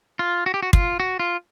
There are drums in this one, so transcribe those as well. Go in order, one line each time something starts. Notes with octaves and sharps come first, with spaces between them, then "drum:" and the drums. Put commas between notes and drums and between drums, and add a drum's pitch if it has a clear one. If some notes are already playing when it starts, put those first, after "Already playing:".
F4
F#4
G4
F#4
F4, drum: kick
F#4
F4